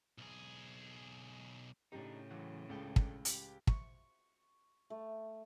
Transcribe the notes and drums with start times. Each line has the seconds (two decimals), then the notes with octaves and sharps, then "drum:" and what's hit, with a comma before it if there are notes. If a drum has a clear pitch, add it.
0.18 B1 G#4
1.92 A2 C#3 D4 D#4 G4
2.31 E3 F#3 F#5
2.69 C#2 D4 A4 G5
2.96 drum: kick
3.25 G4, drum: hi-hat
3.67 C#6, drum: kick
4.90 A3